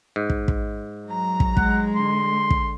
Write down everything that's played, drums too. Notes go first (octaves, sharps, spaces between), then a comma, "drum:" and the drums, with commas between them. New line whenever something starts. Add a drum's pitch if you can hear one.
G#2
drum: kick
drum: kick
F#3 A#5
drum: kick
G#3 F#5, drum: kick
D3 C6
drum: kick